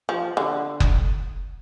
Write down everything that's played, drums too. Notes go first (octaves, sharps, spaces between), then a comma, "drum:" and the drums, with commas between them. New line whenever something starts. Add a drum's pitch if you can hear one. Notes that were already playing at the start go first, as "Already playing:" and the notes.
F3
D3
drum: kick F#1